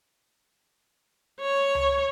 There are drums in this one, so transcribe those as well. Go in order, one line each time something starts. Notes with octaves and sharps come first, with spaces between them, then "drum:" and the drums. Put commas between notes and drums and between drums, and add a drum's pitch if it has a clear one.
C#5
drum: tom C#2